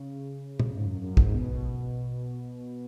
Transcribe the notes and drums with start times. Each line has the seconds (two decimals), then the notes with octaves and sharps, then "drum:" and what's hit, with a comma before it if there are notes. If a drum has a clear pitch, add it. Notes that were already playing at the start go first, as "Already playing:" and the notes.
Already playing: C#3
0.60 drum: tom
0.76 G#2
0.85 F#2
1.01 F#2
1.17 G#2, drum: kick
1.33 B2